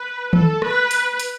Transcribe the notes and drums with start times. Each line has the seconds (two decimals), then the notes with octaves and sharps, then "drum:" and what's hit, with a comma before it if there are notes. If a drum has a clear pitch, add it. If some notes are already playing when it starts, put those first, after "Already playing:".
Already playing: B4
0.33 A4, drum: tom D#3
0.62 B4, drum: rim click
0.91 drum: hi-hat
1.20 drum: hi-hat